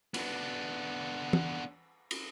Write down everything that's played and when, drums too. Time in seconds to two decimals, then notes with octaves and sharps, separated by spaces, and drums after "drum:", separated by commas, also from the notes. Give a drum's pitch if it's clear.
0.14 B3 D4, drum: cymbal
1.33 drum: tom
2.11 drum: cymbal